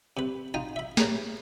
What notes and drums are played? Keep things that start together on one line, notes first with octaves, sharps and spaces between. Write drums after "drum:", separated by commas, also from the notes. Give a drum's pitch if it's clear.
C3 B4
D#4 F4 G5
E5 B5
G4 G#4 A#4 B4 C#5, drum: snare